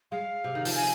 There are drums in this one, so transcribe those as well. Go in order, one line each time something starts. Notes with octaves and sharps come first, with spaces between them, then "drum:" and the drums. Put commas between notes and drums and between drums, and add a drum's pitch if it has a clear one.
G#3 F5
C3
D#3
F3, drum: open hi-hat
G#5